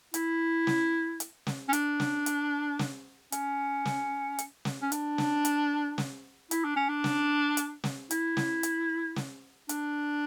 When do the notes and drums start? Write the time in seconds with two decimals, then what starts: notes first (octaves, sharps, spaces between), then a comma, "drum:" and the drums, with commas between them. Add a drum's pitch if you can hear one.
0.14 E4, drum: hi-hat
0.67 drum: snare
1.20 drum: hi-hat
1.47 drum: snare
1.68 C#4
1.73 D4, drum: hi-hat
2.00 drum: snare
2.26 drum: hi-hat
2.79 drum: snare
3.32 C#4, drum: hi-hat
3.85 drum: snare
4.39 drum: hi-hat
4.65 drum: snare
4.82 C#4
4.92 D4, drum: hi-hat
5.18 drum: snare
5.45 drum: hi-hat
5.98 drum: snare
6.51 E4, drum: hi-hat
6.64 D4
6.76 C#4
6.89 D4
7.04 drum: snare
7.57 drum: hi-hat
7.84 drum: snare
8.11 E4, drum: hi-hat
8.37 drum: snare
8.63 drum: hi-hat
9.16 drum: snare
9.69 D4, drum: hi-hat